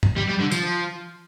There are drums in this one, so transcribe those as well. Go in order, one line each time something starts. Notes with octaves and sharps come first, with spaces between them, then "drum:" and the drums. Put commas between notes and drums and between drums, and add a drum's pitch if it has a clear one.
drum: tom
G3
G3
D3
F3, drum: tambourine